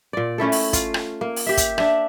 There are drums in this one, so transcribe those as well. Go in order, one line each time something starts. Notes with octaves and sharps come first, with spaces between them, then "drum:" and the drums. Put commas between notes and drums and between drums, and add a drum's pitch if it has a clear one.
A#2 D5
A3 C#4 E4 A4
drum: open hi-hat
F4, drum: kick, hi-hat
drum: rim click
A#3
drum: open hi-hat
G4 E5
drum: kick, hi-hat
D4 E5, drum: rim click